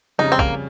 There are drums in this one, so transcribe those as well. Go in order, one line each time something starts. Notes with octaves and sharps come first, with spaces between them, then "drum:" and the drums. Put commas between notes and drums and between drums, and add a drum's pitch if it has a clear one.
F2 C#3 G3 C#4 D#4
C4
A#3, drum: kick